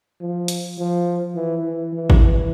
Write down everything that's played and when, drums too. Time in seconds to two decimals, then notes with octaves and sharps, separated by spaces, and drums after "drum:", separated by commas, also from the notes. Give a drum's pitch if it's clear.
0.21 F3
0.48 drum: hi-hat
0.78 F3
1.35 E3
1.64 E3
1.93 E3
2.10 drum: kick G#1
2.22 E3